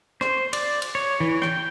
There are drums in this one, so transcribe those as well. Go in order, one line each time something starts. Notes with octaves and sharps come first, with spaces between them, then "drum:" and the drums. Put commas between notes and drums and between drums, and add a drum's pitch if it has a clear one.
C5, drum: rim click
D5, drum: cymbal
drum: cymbal
C#5
E3
G5, drum: rim click